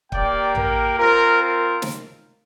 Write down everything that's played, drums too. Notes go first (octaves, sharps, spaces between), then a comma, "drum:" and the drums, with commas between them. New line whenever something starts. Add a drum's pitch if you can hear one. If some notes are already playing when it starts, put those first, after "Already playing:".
A#3 G4 D5 G5, drum: kick
A#4, drum: tom A1
C4 F4 A#4
A#4
drum: snare